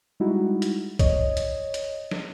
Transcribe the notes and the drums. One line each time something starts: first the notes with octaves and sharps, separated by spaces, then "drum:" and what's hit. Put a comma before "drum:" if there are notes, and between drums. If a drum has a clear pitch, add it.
G3 G#3 D#4 E4 F#4
drum: hi-hat
C#5 D#5, drum: kick, hi-hat
drum: hi-hat
drum: hi-hat
drum: snare